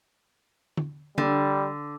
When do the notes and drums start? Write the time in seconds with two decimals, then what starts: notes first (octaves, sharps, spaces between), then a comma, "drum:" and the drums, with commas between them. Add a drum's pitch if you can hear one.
0.77 drum: tom
1.18 D3 G3, drum: tom D3